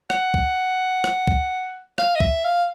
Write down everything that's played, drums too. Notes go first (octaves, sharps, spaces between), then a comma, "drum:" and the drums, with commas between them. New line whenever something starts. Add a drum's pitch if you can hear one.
F#5, drum: rim click
drum: kick
drum: rim click
drum: kick
F5, drum: rim click
D#5
E5, drum: kick
F5